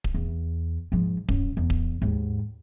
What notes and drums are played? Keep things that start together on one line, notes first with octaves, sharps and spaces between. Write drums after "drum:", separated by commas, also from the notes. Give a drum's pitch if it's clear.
drum: kick D1
E2
G#2 F3
F#2, drum: kick D1
E2
drum: kick D1
D#2 G#2